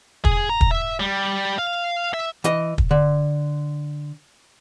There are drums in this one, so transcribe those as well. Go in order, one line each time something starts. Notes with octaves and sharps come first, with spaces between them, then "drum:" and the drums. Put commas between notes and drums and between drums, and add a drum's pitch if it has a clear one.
G#4, drum: kick
A#5
drum: kick
E5
G3
F5
E5
E3 D#5, drum: hi-hat
drum: kick
D3